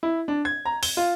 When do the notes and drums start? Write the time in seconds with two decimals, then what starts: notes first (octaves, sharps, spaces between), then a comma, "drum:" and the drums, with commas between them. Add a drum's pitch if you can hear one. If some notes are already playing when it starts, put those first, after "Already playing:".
0.03 E4
0.28 D4
0.45 G#6
0.65 A#5
0.83 G7, drum: open hi-hat
0.97 F4